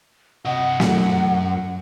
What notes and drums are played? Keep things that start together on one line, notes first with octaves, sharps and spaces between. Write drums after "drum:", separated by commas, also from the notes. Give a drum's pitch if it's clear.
C3 D#5 F#5
F#2, drum: snare